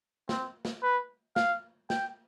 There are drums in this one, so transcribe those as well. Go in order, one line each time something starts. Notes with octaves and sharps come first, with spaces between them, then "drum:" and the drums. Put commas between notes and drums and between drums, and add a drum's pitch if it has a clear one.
C4, drum: snare
drum: snare
B4
F5, drum: snare
G5, drum: snare